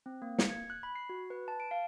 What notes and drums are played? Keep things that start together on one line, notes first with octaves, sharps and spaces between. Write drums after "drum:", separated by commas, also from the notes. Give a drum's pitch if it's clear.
C4
A#3
C#7, drum: snare
G#6
F#6
B5
C7
F#4
B4
A5
D7
F5